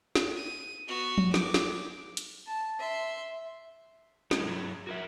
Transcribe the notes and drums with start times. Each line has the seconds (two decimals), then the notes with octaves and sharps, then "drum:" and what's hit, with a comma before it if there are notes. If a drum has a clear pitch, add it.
0.15 drum: snare
0.36 D#7
0.88 B3 F#4
1.18 drum: tom F3
1.34 D6, drum: snare
1.54 drum: snare
2.17 drum: hi-hat
2.47 A5
2.79 E5 C6
4.31 G3 A3 C#4 D#4 E4, drum: snare
4.47 F#3 E4 G#4
4.87 F#4 A#4 E5